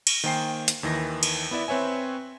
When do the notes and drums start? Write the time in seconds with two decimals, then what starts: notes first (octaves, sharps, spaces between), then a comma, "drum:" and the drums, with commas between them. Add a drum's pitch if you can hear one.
0.07 drum: cymbal
0.24 D#3 A#3 C5 G5 G#5 C7
0.68 drum: hi-hat
0.83 D#2 D#3 E3 A#6
1.23 drum: cymbal
1.51 B3 E4 D5 E5
1.68 C4 B4 C#5 E5 G#5